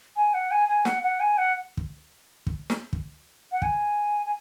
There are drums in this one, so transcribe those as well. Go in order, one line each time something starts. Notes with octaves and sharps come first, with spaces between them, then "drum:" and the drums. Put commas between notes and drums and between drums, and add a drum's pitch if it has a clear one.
G#5
F#5
G#5
G#5
F#5, drum: snare
F#5
G#5
F#5
drum: kick
drum: kick
drum: snare
drum: kick
F#5
G#5, drum: kick
G#5